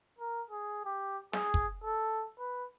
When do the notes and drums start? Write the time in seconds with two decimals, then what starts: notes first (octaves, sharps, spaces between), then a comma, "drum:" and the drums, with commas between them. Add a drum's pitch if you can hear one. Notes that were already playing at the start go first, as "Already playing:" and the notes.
0.19 A#4
0.51 G#4
0.85 G4
1.33 G#4, drum: snare
1.54 drum: kick
1.84 A4
2.39 B4